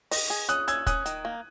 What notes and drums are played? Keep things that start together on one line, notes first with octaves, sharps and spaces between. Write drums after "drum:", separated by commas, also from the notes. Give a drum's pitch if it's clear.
D#5, drum: open hi-hat
G#4
C#4 D#6 F#6, drum: hi-hat
C#4 E6 G#6, drum: hi-hat
C#4 D#6 F#6, drum: kick, hi-hat
D#3, drum: hi-hat
A#3